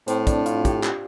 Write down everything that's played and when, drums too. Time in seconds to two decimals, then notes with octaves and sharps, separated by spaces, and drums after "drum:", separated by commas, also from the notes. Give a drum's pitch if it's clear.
0.08 A2 C4, drum: hi-hat
0.27 D4, drum: kick, hi-hat
0.46 F4, drum: hi-hat
0.65 G4, drum: kick, hi-hat
0.83 drum: clap